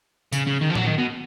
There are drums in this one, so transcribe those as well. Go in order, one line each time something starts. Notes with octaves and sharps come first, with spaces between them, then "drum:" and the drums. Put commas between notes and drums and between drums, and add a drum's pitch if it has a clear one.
C#3, drum: tambourine
C#3
D#3
F3
F#3, drum: tom
D#3
B2